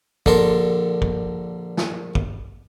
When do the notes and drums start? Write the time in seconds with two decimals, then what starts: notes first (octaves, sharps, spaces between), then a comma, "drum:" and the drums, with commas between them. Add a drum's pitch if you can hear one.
0.26 A#1 D3 A4 A#4 C6, drum: kick
1.02 drum: kick
1.77 drum: snare
2.15 drum: kick